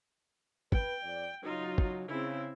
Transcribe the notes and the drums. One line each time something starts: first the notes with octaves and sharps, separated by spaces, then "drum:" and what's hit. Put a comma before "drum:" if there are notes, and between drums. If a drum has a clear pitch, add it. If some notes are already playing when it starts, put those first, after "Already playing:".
B4 G5, drum: kick
F2 D5
C#3 F#3 D#4 F4
drum: kick
C#3 C4 E4